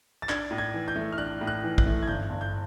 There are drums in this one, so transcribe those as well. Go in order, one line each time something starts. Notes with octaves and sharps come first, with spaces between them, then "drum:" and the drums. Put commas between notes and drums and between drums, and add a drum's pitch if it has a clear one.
A6
D4 G#6, drum: clap
A2
G#6
E3
G6
A3
F6
D4 F#6
A2
F#6
E3
F#6, drum: kick
A3
G#6
G1 G6
G1
G6